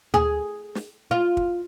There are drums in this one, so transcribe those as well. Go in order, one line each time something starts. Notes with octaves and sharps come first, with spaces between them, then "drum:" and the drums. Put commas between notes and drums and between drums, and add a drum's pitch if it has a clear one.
G#4, drum: tom
drum: snare
F4
drum: kick